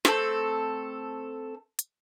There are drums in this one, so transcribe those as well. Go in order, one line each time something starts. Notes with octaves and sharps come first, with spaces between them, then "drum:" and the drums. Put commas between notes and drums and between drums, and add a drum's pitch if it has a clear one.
A3 C4 A4, drum: snare
drum: hi-hat